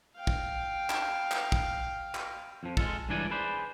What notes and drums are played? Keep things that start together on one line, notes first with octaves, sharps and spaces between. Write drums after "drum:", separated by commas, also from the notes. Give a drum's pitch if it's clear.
F5 G5
drum: kick
drum: clap
drum: clap
drum: kick
drum: clap
F2 F3
G#3 F4 A4, drum: kick
C#2 G2 E3 D4 D5 G#5
G#4 B4 C5 D5